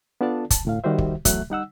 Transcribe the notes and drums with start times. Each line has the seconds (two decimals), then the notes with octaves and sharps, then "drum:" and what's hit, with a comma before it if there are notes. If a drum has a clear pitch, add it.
0.21 B3 D4 F4 A4 D5 A5
0.50 A5, drum: kick, hi-hat
0.65 D2 A2 F5
0.84 D#3 G3 F#4 G4 C5 E5
0.98 drum: kick
1.25 E2 F#3 A3 E5 F#6, drum: kick, hi-hat
1.50 G3 D#4 F#5 E6